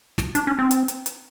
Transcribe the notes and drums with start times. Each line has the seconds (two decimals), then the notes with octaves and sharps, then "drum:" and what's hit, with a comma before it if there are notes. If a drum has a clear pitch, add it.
0.18 drum: snare
0.35 D4, drum: hi-hat
0.47 C#4
0.59 C4
0.71 drum: hi-hat
0.88 drum: hi-hat
1.06 drum: hi-hat